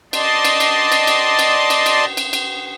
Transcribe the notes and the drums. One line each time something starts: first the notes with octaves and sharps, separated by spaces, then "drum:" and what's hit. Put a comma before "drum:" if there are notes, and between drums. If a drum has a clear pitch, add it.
D5 D#5 A5 C6, drum: cymbal
drum: cymbal
drum: cymbal
drum: cymbal
drum: cymbal
drum: cymbal
drum: cymbal
drum: cymbal
drum: cymbal
drum: cymbal